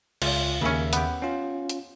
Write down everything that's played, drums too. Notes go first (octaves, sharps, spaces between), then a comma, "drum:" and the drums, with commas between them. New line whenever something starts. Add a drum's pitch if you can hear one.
C#2 F4, drum: cymbal
D#2 C#3 A#3 C#4 E5
B3 G4, drum: hi-hat
C#4 F4
drum: hi-hat